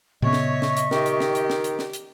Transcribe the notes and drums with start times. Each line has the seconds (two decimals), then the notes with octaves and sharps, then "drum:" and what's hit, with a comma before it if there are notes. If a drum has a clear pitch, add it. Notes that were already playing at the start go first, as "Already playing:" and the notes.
0.22 A#2 C#3 B3 C#5 D#5 E5 C#6
0.33 drum: snare
0.62 drum: snare
0.77 drum: hi-hat
0.91 D#3 G4, drum: snare
1.06 drum: hi-hat
1.20 drum: snare
1.35 drum: hi-hat
1.50 drum: snare
1.64 drum: hi-hat
1.79 drum: snare
1.93 drum: hi-hat